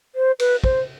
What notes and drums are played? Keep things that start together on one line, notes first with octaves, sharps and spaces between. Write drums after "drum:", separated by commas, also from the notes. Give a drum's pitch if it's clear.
C5
B4, drum: cymbal
C5, drum: kick